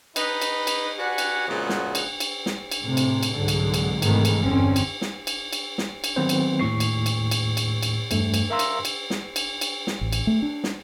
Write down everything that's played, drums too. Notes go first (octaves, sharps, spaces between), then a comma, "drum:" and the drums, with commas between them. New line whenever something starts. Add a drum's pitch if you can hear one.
D#4 B4, drum: cymbal
drum: cymbal
drum: cymbal
F#4 G4 B4 D5 F#5 G#5
drum: cymbal
A#2 C#3 F3 G#3 B3 F#4
drum: snare
drum: cymbal
drum: cymbal
drum: snare
drum: cymbal
A2 C3
drum: cymbal
drum: cymbal
C2 G#2 D3 F#3
drum: cymbal
drum: cymbal
G#2 C3 D#3 E3 A3, drum: cymbal
drum: cymbal
G1 E2 D3 C4 C#4
drum: cymbal
drum: snare
drum: cymbal
drum: cymbal
drum: snare
drum: cymbal
D#3 F#3 B3 C4 B4 C5
drum: cymbal
D#2 A2 C#6 C7
drum: cymbal
drum: cymbal
drum: cymbal
drum: cymbal
drum: cymbal
E2 G2 A3, drum: cymbal
drum: cymbal
A#4 E5 F5 A#5 C6 E6
drum: cymbal
drum: cymbal
drum: snare
drum: cymbal
drum: cymbal
drum: snare
A1
drum: cymbal
A3
D4
drum: snare